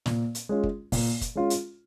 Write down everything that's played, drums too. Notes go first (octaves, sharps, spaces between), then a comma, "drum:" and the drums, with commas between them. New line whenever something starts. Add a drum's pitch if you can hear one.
A#2, drum: snare
drum: hi-hat
G#3 C#4 F4
drum: kick
A#2, drum: kick, open hi-hat
drum: kick, hi-hat
G#3 C#4 F4
drum: hi-hat